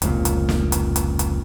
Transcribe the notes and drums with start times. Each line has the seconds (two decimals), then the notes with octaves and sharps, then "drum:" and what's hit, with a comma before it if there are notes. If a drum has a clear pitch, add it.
0.02 F1 C#2 A#2, drum: hi-hat
0.25 drum: hi-hat
0.49 drum: snare
0.72 drum: hi-hat
0.96 drum: hi-hat
1.19 drum: hi-hat